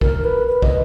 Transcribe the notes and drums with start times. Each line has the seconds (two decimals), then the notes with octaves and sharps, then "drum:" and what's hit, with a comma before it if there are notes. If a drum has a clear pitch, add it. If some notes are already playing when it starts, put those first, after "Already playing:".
0.01 A#4, drum: kick
0.24 B4
0.47 B4
0.62 D#5, drum: kick